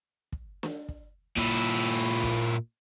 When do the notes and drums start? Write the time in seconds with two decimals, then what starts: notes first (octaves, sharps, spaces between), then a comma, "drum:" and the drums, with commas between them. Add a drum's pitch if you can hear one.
0.32 drum: kick
0.63 drum: snare
0.88 drum: kick
1.37 A#2 E4, drum: kick
2.23 drum: kick